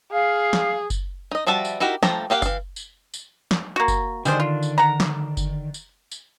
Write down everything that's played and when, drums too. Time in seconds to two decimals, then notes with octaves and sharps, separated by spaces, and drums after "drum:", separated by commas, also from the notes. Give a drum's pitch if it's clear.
0.12 G#4 F5
0.53 drum: snare
0.90 drum: kick F#1, tambourine
1.31 D#4 D#5
1.47 F3 G3 F#4 E5 A5
1.65 drum: tambourine
1.80 D#4 E4 F#4 G4 A#4
2.03 F3 A3 G5 A#5, drum: snare
2.30 A#3 G4 F5 F#5
2.42 E3 F5, drum: kick F#1, tambourine
2.76 drum: tambourine
3.14 drum: tambourine
3.51 drum: snare
3.76 A#3 F#4
3.88 drum: kick F#1, tambourine
4.25 D3 D#3 G3 G#3 D4 C5, drum: tambourine
4.40 F4
4.63 drum: tambourine
4.78 F#5 A#5
5.00 drum: snare
5.37 drum: kick F#1, tambourine
5.74 drum: tambourine
6.11 drum: tambourine